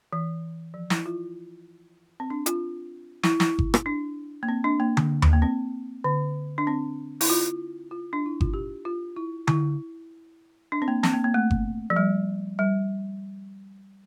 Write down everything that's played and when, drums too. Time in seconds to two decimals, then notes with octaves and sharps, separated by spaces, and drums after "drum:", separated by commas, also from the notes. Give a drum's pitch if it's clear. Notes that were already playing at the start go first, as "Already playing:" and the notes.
0.13 E3
0.74 F3
0.90 E4, drum: snare
1.06 F4
2.20 C4
2.30 D4
2.46 F4, drum: hi-hat
3.23 E4, drum: snare
3.40 E4, drum: snare
3.59 drum: kick G1
3.74 drum: rim click
3.86 D4
4.43 A#3
4.48 C4
4.64 D4
4.80 A#3
4.97 drum: tom D3
5.22 drum: tom D#2
5.33 A#3
5.42 C4
6.04 D3
6.58 D4
6.67 C4
7.21 E4, drum: open hi-hat
7.30 F4
7.91 F4
8.13 D4
8.26 E4
8.41 F4, drum: kick G1
8.54 G4
8.85 F4
9.16 E4
9.47 E4, drum: tom D3
10.72 D4
10.82 C4
10.88 A#3
11.03 C4, drum: snare
11.13 A#3
11.24 A#3
11.34 A3
11.51 drum: kick G1
11.90 F3
11.96 G3
12.59 G3